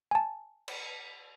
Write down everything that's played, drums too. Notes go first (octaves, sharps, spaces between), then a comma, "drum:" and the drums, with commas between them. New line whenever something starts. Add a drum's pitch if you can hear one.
G#5 A5
drum: cymbal